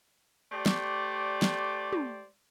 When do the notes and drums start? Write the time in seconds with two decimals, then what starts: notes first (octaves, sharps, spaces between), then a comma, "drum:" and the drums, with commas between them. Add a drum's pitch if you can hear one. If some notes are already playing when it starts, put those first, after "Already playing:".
0.51 A3 G4 C5 D5
0.66 drum: snare
1.42 drum: snare
1.93 drum: tom